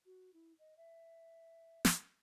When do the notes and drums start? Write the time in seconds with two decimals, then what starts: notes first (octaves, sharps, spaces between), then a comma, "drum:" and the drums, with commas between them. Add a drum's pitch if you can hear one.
0.06 F#4
0.33 E4
0.59 D#5
0.77 E5
1.85 drum: snare